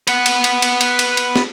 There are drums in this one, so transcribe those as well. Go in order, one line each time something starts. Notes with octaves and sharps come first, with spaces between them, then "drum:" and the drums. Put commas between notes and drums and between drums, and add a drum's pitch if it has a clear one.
B4 F#5, drum: cymbal
drum: cymbal
drum: cymbal
drum: cymbal
drum: cymbal
drum: cymbal
drum: cymbal
drum: snare